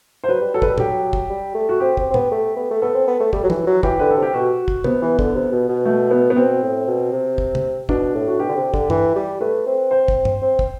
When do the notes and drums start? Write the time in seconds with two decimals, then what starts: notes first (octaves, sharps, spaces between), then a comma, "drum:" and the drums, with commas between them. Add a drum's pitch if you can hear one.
0.24 C5
0.28 F#3 B4
0.41 G3
0.54 F#3 A4
0.62 B4, drum: kick
0.66 G3 A4
0.78 F#3 G4, drum: tom
1.13 drum: kick
1.29 G3
1.55 A3
1.69 F#4
1.80 C4 G4
1.97 C4, drum: kick
2.11 C4
2.14 B3, drum: tom
2.31 A3
2.57 B3
2.71 A3
2.82 B3 A4
2.94 C4
3.07 B3
3.20 A3
3.33 G3, drum: kick
3.43 F#3
3.50 E3, drum: tom
3.67 F#3
3.83 E3 G4, drum: kick
3.99 D3 B4
4.11 A4
4.17 C3
4.22 G4
4.34 B2 F#4
4.68 drum: kick
4.84 C3 B3, drum: tom
5.02 E3
5.19 D3, drum: kick
5.35 C3
5.52 B2
5.69 B2
5.85 A3
6.11 B3
6.30 B3
6.36 B2 C4
6.63 A2
6.88 B2
7.13 C3
7.38 drum: kick
7.55 drum: tom
7.89 B2 D4, drum: kick
8.15 A2
8.27 F#4
8.39 B2 G4
8.49 D3
8.56 C3
8.74 D3, drum: kick
8.90 E3, drum: tom
9.16 G3
9.41 A3 B4
9.66 C4
9.91 C5
10.08 drum: kick
10.25 drum: tom
10.42 C4
10.59 drum: kick